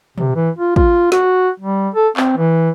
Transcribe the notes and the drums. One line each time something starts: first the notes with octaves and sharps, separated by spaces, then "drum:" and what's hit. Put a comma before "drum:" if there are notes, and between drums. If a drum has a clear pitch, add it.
C3, drum: tom
E3
F4
F4, drum: kick
F#4, drum: snare
G3
A4
C4, drum: clap
E3